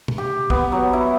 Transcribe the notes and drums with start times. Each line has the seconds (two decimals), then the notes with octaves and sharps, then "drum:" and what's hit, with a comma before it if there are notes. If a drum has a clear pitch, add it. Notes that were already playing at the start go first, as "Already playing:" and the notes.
0.08 drum: tom
0.18 G4
0.50 B3, drum: kick
0.72 F#3
0.93 E4